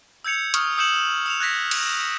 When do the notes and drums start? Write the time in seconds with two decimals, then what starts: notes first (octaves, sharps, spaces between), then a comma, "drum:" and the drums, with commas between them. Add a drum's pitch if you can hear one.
0.24 E6 G6 G#6 C#7 F7
0.54 C#6 D#6 F6, drum: hi-hat
0.77 D#6 E6 G6 C#7 E7 F#7
1.26 E6 E7 F7
1.40 F#6 G#6 A#6 B6
1.71 drum: cymbal